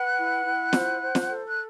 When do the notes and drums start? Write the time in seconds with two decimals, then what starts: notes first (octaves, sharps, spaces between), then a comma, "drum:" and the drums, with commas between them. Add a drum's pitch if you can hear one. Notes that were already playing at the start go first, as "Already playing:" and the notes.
Already playing: B4 F#5 F#6
0.17 E4
0.44 E4
0.73 C5, drum: snare
1.01 C5
1.15 drum: snare
1.29 A4
1.49 F#6